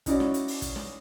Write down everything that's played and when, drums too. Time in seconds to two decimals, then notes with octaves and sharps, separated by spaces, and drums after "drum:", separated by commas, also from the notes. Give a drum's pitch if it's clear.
0.06 C#4 D#4 E4 F#4 D5, drum: kick, hi-hat
0.20 drum: snare
0.34 drum: hi-hat
0.48 drum: open hi-hat
0.62 drum: kick, hi-hat
0.76 drum: snare